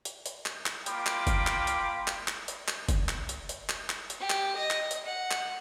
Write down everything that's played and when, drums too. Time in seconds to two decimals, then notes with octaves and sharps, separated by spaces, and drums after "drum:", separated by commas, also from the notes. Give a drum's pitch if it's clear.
0.05 drum: hi-hat
0.26 drum: hi-hat
0.46 drum: clap
0.66 drum: clap
0.86 A#3 F4 G5 B5 D6, drum: hi-hat
1.06 drum: clap
1.27 drum: kick, hi-hat
1.47 drum: clap
1.67 drum: hi-hat
2.08 drum: clap
2.28 drum: clap
2.48 drum: hi-hat
2.68 drum: clap
2.89 drum: kick, hi-hat
3.09 drum: clap
3.29 drum: hi-hat
3.49 drum: hi-hat
3.69 drum: clap
3.90 drum: clap
4.10 drum: hi-hat
4.20 G4
4.30 drum: clap
4.56 D#5
4.71 drum: clap
4.91 drum: hi-hat
5.06 F#5
5.31 drum: clap